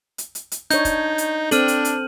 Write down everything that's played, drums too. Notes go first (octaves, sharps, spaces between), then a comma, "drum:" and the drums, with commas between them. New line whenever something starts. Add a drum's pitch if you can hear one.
drum: hi-hat
drum: hi-hat
drum: hi-hat
D4 D#4 C#5 G6, drum: hi-hat
drum: kick, hi-hat
drum: hi-hat
C4 D4 A4 F6 D#7 F#7, drum: hi-hat
drum: hi-hat
drum: hi-hat